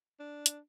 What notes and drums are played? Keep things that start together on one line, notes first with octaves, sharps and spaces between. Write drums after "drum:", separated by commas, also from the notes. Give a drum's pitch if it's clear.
D4
drum: hi-hat